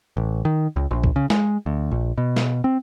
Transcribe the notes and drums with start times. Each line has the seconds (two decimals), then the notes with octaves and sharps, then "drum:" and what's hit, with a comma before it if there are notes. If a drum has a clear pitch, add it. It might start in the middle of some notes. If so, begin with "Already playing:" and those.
0.17 A1
0.45 D#3
0.76 C#2
0.91 A#1
1.04 drum: kick C2
1.16 C#3
1.30 G#3, drum: snare
1.66 D2
1.91 A#1
2.18 B2
2.36 drum: snare
2.64 C4